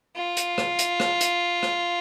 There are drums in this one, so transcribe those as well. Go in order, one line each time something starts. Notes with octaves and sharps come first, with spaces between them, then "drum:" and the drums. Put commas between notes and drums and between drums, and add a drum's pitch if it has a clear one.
F4
drum: hi-hat
drum: rim click
drum: hi-hat
drum: rim click
drum: hi-hat
drum: rim click